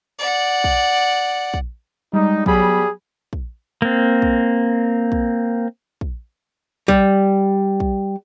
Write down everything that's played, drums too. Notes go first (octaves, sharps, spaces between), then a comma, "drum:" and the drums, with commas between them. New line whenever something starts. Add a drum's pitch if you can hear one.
D5 F#5
drum: kick
drum: kick
G3 G#3 D#4
F#3 G3 B3 G#4 B5, drum: kick
drum: kick
A#3 C4
drum: kick
drum: kick
drum: kick
G3, drum: kick
drum: kick